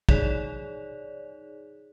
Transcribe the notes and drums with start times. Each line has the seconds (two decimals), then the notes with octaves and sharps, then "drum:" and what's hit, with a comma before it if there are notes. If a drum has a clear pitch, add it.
0.09 D#4 G#4 C#5 D5, drum: kick